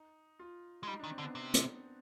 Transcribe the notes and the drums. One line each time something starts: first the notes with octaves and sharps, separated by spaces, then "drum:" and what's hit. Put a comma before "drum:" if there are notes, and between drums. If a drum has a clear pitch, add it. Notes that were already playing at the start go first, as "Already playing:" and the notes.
Already playing: D#4
F4
G#3
G3 D#4
D#3 D4
C4
D3
B3
C3
drum: hi-hat